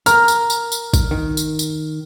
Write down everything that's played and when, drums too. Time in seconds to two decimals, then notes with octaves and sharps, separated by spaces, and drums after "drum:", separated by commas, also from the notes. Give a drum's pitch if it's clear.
0.06 A#4 F6, drum: tambourine
0.28 drum: tambourine
0.50 drum: tambourine
0.72 drum: tambourine
0.93 drum: kick, tambourine
1.11 D#3
1.37 drum: tambourine
1.59 drum: tambourine